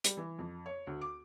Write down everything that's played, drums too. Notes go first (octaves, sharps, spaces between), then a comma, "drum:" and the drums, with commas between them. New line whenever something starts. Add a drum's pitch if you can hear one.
G3, drum: hi-hat
E3
F2
C#5
D2
D6